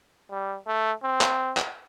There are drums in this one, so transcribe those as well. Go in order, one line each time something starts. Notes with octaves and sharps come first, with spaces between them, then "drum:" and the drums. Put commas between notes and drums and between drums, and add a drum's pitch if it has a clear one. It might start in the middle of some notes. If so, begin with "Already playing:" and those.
G3
A3
C4
drum: clap
drum: clap